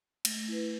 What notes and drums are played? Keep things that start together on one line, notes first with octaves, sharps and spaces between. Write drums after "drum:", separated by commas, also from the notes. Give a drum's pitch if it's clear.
A3, drum: cymbal
E4 B4